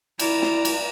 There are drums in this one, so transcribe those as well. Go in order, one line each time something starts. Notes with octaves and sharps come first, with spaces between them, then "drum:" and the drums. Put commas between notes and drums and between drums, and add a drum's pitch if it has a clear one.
E4 D5 A#5, drum: cymbal
drum: snare
drum: cymbal